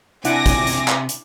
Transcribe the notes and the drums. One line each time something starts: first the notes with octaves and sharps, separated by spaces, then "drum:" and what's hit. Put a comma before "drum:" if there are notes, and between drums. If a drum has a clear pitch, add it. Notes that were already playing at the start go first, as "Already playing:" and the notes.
C3 D4 E4 F#5 G#5 D6 A#6, drum: hi-hat
drum: kick, hi-hat
drum: hi-hat
drum: clap
drum: hi-hat